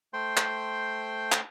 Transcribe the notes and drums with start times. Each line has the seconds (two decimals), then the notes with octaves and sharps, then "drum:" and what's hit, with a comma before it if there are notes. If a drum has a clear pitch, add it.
0.13 A3 C5 G5 C6
0.37 drum: clap
1.32 drum: clap